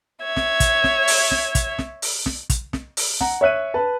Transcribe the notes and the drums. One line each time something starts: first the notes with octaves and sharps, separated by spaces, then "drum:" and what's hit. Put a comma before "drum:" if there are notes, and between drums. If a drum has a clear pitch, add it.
C#5 E5 G#6
drum: snare
drum: kick, hi-hat
drum: snare
drum: open hi-hat
drum: snare
drum: kick, hi-hat
drum: snare
drum: open hi-hat
drum: snare
drum: kick, hi-hat
drum: snare
drum: open hi-hat
F#5 A#5, drum: snare
C#5 E5 F#6 D#7
B4 A5